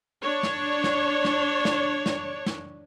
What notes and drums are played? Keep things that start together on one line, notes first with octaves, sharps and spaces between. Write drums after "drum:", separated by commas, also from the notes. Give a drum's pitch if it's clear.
D4 C#5
drum: snare
drum: snare
drum: snare
drum: snare
drum: snare
drum: snare